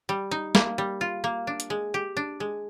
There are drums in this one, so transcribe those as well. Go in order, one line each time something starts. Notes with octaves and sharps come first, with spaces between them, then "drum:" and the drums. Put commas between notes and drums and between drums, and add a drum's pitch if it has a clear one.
G3
D#4
A#3, drum: snare
G3
F4
A#3
D4
drum: hi-hat
G#3
G4
D4
G#3